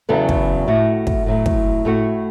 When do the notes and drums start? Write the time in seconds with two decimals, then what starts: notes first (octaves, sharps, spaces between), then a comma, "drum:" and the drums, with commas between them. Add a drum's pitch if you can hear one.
0.09 E2 C#3 F#3 B3 A4
0.29 drum: kick
0.68 A2 A3 F#4
1.07 drum: kick
1.26 A2 F#3 A3
1.46 drum: kick
1.85 A2 A3 F#4